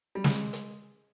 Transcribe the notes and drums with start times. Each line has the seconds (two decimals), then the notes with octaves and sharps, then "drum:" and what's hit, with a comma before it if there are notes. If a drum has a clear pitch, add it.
0.15 G3
0.24 G#3, drum: snare
0.53 drum: hi-hat